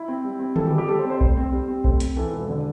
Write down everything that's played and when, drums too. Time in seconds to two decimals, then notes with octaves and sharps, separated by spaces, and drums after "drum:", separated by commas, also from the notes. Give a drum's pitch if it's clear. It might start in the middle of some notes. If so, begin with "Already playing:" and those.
Already playing: E4
0.08 C4
0.24 G3
0.40 C4
0.56 E3 A4, drum: tom D3
0.67 G4
0.73 G3
0.78 G4
0.89 G3 A4
0.99 C5
1.04 C4
1.10 C5
1.21 A3 C5, drum: kick B1
1.37 C4
1.52 G3
1.68 C4
1.84 A3 C5, drum: kick B1
2.00 C4, drum: hi-hat
2.16 E3 A4
2.33 E1
2.49 D3